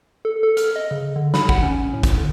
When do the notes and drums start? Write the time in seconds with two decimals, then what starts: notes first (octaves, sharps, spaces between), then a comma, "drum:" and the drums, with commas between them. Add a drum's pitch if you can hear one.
0.25 A4
0.43 A4
0.57 F6, drum: hi-hat
0.76 D#5
0.91 C#3
1.16 D3
1.34 B5, drum: snare
1.49 F#5, drum: kick
1.62 C#4
1.93 A2
2.03 drum: kick, hi-hat
2.18 D3